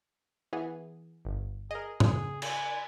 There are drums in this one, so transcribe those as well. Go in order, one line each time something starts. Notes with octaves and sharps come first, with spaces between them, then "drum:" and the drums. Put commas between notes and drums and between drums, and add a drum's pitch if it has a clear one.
E3 B3 G#4
G1
G#4 A#4 D#5
C#3 G#4, drum: tom G#2
G#5, drum: cymbal